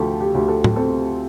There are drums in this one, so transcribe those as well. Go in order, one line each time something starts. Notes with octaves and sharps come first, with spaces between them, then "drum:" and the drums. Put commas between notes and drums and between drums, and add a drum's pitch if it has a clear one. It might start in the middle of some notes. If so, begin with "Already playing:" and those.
Already playing: D2 F3 G4 A4
G4
D2
A4
drum: tom
C4 A4